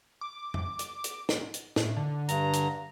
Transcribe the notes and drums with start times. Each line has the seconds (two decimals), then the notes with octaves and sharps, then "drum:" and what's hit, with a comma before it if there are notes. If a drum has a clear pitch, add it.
0.21 D6
0.54 drum: tom F2
0.79 drum: hi-hat
1.04 drum: hi-hat
1.29 drum: snare
1.54 drum: hi-hat
1.76 A2, drum: snare
1.97 D3
2.29 G2 A#5, drum: hi-hat
2.53 drum: hi-hat